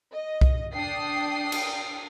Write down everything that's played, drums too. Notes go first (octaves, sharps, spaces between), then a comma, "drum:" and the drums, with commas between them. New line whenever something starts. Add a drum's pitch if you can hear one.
D#5
drum: kick C2
D4 G5 D#6 C7
drum: cymbal